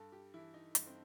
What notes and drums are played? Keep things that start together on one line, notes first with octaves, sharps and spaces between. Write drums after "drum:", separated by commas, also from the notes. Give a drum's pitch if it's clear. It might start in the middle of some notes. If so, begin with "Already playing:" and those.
Already playing: G2 A4
G4
E3 E4
D#4
G2 D#4, drum: hi-hat
C4